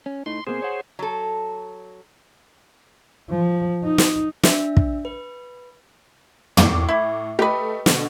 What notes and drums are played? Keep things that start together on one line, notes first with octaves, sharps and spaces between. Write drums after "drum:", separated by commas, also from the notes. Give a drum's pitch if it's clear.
C#4
A2 D#4 C6
B2 A#3 C4 G#4 C5
C#5 F#5
F#3 A4
F3
D#4
drum: snare
D4 E5, drum: snare
drum: kick
B4
A2 C#6 D6, drum: tom
E4
A3 G4 B4 D#5
B2 D3, drum: snare